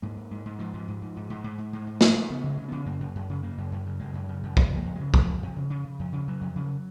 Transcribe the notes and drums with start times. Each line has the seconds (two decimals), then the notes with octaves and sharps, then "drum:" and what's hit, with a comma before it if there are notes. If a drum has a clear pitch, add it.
0.02 G#2 A#3
0.17 G#2
0.31 G#2
0.46 G#2
0.59 G#2 F3
0.73 G#2
0.88 G#2
1.02 G#2
1.17 G#2
1.30 G#2
1.44 G#2
1.58 G#2
1.73 G#2 G#3
1.87 G#2
2.01 G#2, drum: snare
2.16 G#2
2.30 C#3 B3
2.44 C#3
2.49 G#3
2.58 C#3
2.68 C#3 B3
2.86 F#2 A#3
3.00 F#2
3.15 F#2
3.29 C#3
3.43 C#3 A#3
3.58 F#2
3.72 F#2
3.86 C#3
4.00 F#2 G#3
4.14 F#2
4.29 C#3
4.43 F#2
4.57 F2 G#3, drum: kick
4.72 F2
4.76 A#3
4.85 F2
4.95 C#3 G#3
5.14 F2 F3, drum: kick
5.28 F2
5.43 F2
5.56 C#3
5.70 C#3
5.85 C#3
5.99 F2
6.13 C#3
6.28 C#3 F#3
6.41 F2
6.56 C#3